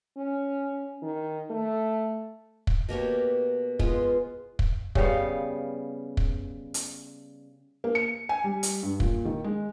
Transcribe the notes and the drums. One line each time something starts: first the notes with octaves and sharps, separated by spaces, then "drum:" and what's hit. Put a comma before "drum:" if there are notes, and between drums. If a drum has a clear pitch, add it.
C#4
D#3
A3
drum: kick
B2 A#3 G4 C#5
G#3 B3 F4, drum: kick
drum: kick
C#3 G3 B3 F5, drum: kick
drum: kick
drum: hi-hat
A#3
C#7
G#5
G3
drum: hi-hat
G2
A#2, drum: kick
D#3
G#3